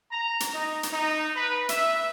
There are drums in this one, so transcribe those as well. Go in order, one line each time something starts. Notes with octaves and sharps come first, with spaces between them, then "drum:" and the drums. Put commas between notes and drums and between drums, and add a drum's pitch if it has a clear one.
A#5
drum: hi-hat
D#4
drum: hi-hat
D#4
B4
E5, drum: hi-hat